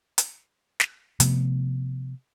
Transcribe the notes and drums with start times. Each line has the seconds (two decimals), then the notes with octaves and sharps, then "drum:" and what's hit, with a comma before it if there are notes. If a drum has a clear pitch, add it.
0.18 drum: hi-hat
0.80 drum: snare
1.20 C3 F3 A3 B3, drum: hi-hat